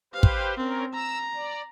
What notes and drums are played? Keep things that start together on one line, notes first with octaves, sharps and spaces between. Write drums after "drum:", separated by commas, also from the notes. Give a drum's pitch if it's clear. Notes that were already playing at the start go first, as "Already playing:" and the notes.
G4 B4 C5 F5
drum: kick
C4 C#4 A#4
A#5 E6
D5